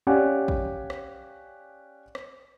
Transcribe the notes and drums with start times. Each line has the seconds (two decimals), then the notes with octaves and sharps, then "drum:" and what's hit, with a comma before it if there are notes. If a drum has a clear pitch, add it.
0.07 C#4 G4 D5 F5 F#5 G#5
0.48 drum: kick
0.90 drum: rim click
2.15 drum: rim click